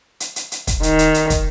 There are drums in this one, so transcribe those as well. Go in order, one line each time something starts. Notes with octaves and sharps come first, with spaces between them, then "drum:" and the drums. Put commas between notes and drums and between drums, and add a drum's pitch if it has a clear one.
drum: hi-hat
drum: hi-hat
drum: hi-hat
drum: kick, hi-hat
D#3, drum: hi-hat
drum: hi-hat
drum: hi-hat
drum: kick, hi-hat